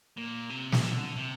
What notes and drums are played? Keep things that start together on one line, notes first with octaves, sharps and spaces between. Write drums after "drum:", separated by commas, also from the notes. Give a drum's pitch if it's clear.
A#2
C3
drum: snare
D3
C3